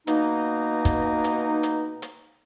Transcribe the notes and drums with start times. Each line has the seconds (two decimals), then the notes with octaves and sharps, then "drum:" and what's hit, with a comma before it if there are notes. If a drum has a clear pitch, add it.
0.07 B2 A#3 D#4, drum: hi-hat
0.85 drum: kick, hi-hat
1.24 drum: hi-hat
1.63 drum: hi-hat
2.02 drum: hi-hat